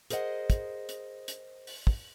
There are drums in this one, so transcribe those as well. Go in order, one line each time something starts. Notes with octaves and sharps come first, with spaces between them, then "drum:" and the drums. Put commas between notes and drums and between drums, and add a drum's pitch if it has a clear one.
G#4 A#4 C5 D#5 F#5, drum: hi-hat
drum: kick, hi-hat
drum: hi-hat
drum: hi-hat
drum: open hi-hat
drum: kick